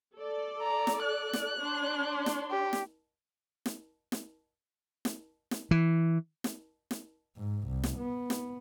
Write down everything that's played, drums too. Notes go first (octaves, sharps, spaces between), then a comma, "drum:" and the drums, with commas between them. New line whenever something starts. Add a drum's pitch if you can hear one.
A4 D5
A#5
drum: snare
F#6
drum: snare
D4 C#5 C6
drum: snare
G4
drum: snare
drum: snare
drum: snare
drum: snare
drum: snare
E3
drum: snare
drum: snare
G#2
C2
drum: snare
B3
drum: snare